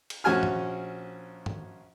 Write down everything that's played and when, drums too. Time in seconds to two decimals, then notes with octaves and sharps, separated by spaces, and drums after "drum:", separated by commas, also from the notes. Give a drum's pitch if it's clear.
0.10 drum: cymbal
0.24 A#1 C#4 F#4 G#5 F6
0.43 drum: tom
1.46 drum: tom